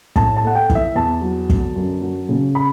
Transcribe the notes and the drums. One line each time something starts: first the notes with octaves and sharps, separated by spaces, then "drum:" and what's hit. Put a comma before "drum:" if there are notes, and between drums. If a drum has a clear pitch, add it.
A2 A5, drum: kick
A5
A3 F#5
G5
E3, drum: kick
E5
E2 A5
F#3
D3, drum: kick
F#2
F#3
C#3
B5